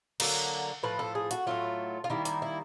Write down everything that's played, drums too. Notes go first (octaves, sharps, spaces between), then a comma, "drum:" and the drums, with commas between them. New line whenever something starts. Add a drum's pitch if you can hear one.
D3 F#3 A#3, drum: cymbal
A2 F3 A3 B4
A4
G#4
F#4, drum: hi-hat
A2 F#3 A3 F4
F4
D#3 G3 A#3 E4
E4, drum: hi-hat
E4